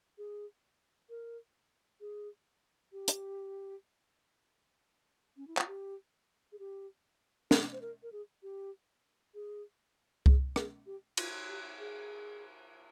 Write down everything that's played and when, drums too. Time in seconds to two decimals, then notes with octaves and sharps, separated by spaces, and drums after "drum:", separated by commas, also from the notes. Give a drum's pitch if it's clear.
0.18 G#4
1.10 A#4
2.01 G#4
2.93 G4
3.08 drum: hi-hat
5.37 C#4
5.48 E4
5.57 F4, drum: clap
5.67 G4
6.52 G#4
6.59 G4
7.51 G#4, drum: snare
7.73 C5
7.81 A#4
8.03 A#4
8.12 G#4
8.43 G4
9.35 G#4
10.26 G#4, drum: kick C2
10.56 G#4, drum: rim click
10.86 G4
11.17 F4, drum: cymbal
11.48 G4
11.79 G#4